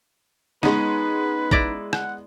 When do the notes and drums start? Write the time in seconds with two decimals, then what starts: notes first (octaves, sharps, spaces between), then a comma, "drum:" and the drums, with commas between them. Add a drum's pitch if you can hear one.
0.63 G#3 B3 C#4 D#4 B4, drum: snare
1.51 E4 D5 A#5, drum: kick A1
1.93 F#5, drum: rim click